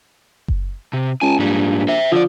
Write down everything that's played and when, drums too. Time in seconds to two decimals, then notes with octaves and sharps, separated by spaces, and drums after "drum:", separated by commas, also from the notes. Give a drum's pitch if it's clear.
0.48 drum: kick F#1
0.93 C3
1.22 C#2 G#5 A5
1.39 A#1 G#2 G3
1.88 C5 E5
2.12 D3 F3 D5